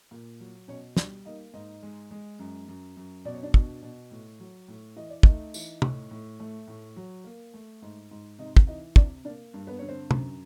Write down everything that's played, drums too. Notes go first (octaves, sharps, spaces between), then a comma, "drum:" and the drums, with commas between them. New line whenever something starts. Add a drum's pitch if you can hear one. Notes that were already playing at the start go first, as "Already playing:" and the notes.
A#2
F#3
B2 C#4 C#5
G3 D4 D5, drum: snare
A#3 D#4 D#5
G#2 D#4 D#5
G#3
G#3
F#2
F#2
F#2
B2 D5
C#5
D4 D5
B2, drum: kick
B2
A2
F#3
A2
E3 D#5
D5
A3 D#4 D#5, drum: kick
E3, drum: tambourine
A2, drum: tom
A2
A3
A2
F#3
A#3
A3
G#2
G#2
C3 D#4 D#5
drum: kick
E3 D#4 D#5
C3 D4 D5, drum: kick
A#3 D4 D5
G2
B3 B4
D3 C#5
C4 C5
F#2, drum: tom